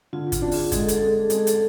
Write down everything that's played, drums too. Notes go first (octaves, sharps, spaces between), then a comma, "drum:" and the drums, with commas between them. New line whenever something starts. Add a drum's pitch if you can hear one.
D3 F4
F4, drum: kick F#1, hi-hat
D4
F4 G#4, drum: open hi-hat
G#3 G#4, drum: kick F#1, hi-hat
A4
G#4, drum: hi-hat
A4
G#3 G#4
A4
G#4
G#3 A4, drum: hi-hat
G#4
A4, drum: hi-hat